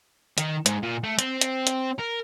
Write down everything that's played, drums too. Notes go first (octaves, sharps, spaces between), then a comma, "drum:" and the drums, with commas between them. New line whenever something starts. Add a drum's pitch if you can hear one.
D#3, drum: hi-hat
G#2, drum: hi-hat
A#2
A3
C4, drum: hi-hat
drum: hi-hat
drum: hi-hat
A#4